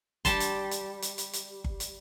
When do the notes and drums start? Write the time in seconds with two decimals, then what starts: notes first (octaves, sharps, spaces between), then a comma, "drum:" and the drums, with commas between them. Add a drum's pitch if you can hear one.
0.25 G3 A5 C6, drum: kick G1, hi-hat
0.40 drum: hi-hat
0.71 drum: hi-hat
1.02 drum: hi-hat
1.18 drum: hi-hat
1.33 drum: hi-hat
1.64 drum: kick G1
1.80 drum: hi-hat